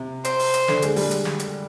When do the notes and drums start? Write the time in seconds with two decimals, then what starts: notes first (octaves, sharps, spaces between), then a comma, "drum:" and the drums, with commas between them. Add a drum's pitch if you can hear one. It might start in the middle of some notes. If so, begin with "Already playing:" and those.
Already playing: C3
0.25 C5, drum: hi-hat
0.39 drum: open hi-hat
0.54 drum: hi-hat
0.68 D3, drum: snare
0.82 G#3, drum: hi-hat
0.96 G3, drum: open hi-hat
1.11 drum: hi-hat
1.25 drum: snare
1.40 drum: hi-hat